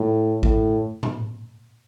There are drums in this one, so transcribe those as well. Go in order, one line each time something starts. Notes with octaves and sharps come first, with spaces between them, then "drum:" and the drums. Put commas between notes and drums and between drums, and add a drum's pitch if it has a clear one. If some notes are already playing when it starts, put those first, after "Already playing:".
Already playing: A2
A2, drum: kick A1
drum: tom A2